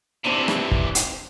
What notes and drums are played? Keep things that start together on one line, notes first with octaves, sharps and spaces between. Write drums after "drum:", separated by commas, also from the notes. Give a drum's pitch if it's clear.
C3 E3 C4 D4 D6
drum: rim click
drum: kick
drum: hi-hat